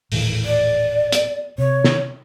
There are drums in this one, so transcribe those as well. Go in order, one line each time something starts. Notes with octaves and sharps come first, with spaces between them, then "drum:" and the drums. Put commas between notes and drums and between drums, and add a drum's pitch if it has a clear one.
D#1 A2 E3, drum: open hi-hat
D5
drum: hi-hat
C3 C#5
drum: snare